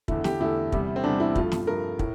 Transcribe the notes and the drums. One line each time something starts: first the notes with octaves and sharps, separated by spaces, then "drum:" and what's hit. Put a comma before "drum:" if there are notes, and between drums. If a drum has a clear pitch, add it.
E2 D3 A3 E4, drum: kick
G4, drum: snare
E2 D3 A3 E4
E2 C3 G3, drum: kick
C4
E2 C3 G3 D4
E4
G2 F3 A3 F4, drum: kick
drum: snare
G2 F3 A3 A#4
A2, drum: kick